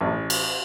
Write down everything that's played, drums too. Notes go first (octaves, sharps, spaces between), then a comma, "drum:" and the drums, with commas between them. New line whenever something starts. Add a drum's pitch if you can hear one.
A1
drum: cymbal